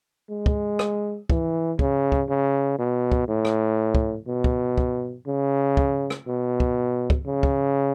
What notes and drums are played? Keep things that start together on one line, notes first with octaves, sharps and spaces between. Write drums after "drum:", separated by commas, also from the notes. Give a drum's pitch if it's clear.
G#3
drum: kick
drum: rim click
E3, drum: kick
C#3, drum: kick
drum: kick
C#3
B2
drum: kick
A2
drum: rim click
drum: kick
B2
drum: kick
drum: kick
C#3
drum: kick
drum: rim click
B2
drum: kick
drum: kick
C#3
drum: kick